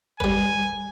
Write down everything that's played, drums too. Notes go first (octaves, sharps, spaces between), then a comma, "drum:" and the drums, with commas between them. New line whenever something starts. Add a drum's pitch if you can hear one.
G3 B4 G#5, drum: kick G1